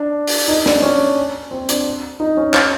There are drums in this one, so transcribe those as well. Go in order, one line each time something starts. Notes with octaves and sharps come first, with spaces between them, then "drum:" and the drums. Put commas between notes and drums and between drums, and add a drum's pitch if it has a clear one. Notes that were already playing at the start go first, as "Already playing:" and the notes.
Already playing: D4
drum: open hi-hat
D#4
D4, drum: snare
C#4
C4
D4, drum: hi-hat
D#4
C#4
C#4, drum: clap